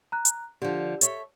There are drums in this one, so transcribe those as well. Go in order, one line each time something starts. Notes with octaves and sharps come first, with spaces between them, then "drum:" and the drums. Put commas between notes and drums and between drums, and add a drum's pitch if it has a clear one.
A#5 F#6
drum: hi-hat
D3 F3 G4
A4 C#5 E5, drum: hi-hat